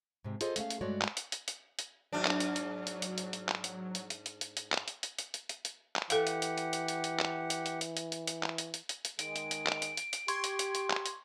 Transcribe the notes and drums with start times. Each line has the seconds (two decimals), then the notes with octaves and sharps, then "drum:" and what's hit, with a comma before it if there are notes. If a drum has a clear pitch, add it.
0.24 G#2 C3
0.41 F4 G#4 A4 C5 D#5, drum: hi-hat
0.56 A3 C#4 E5 F5, drum: hi-hat
0.70 drum: hi-hat
0.81 G2 G#3 A3 F#4 C#5 D5
1.01 drum: clap
1.17 drum: hi-hat
1.32 drum: hi-hat
1.48 drum: hi-hat
1.79 drum: hi-hat
2.13 G#2 F#3 D4
2.25 drum: clap
2.40 drum: hi-hat
2.56 drum: hi-hat
2.87 drum: hi-hat
3.02 drum: hi-hat
3.18 drum: hi-hat
3.33 drum: hi-hat
3.49 drum: clap
3.64 drum: hi-hat
3.95 drum: hi-hat
4.10 drum: hi-hat
4.26 drum: hi-hat
4.41 drum: hi-hat
4.57 drum: hi-hat
4.72 drum: clap
4.88 drum: hi-hat
5.03 drum: hi-hat
5.18 drum: hi-hat
5.34 drum: hi-hat
5.49 drum: hi-hat
5.65 drum: hi-hat
5.96 drum: clap
6.10 E3 G4 A4 F5 F#5, drum: hi-hat
6.27 drum: hi-hat
6.42 drum: hi-hat
6.58 drum: hi-hat
6.73 drum: hi-hat
6.88 drum: hi-hat
7.04 drum: hi-hat
7.19 drum: clap
7.50 drum: hi-hat
7.66 drum: hi-hat
7.81 drum: hi-hat
7.97 drum: hi-hat
8.12 drum: hi-hat
8.27 drum: hi-hat
8.43 drum: clap
8.58 drum: hi-hat
8.74 drum: hi-hat
8.89 drum: hi-hat
9.05 drum: hi-hat
9.19 D#3 G#3 D7, drum: hi-hat
9.36 drum: hi-hat
9.51 drum: hi-hat
9.67 drum: clap
9.82 drum: hi-hat
9.97 drum: hi-hat
10.13 drum: hi-hat
10.28 G4 C6 C#6 G#6, drum: hi-hat
10.44 drum: hi-hat
10.59 drum: hi-hat
10.75 drum: hi-hat
10.90 drum: clap
11.06 drum: hi-hat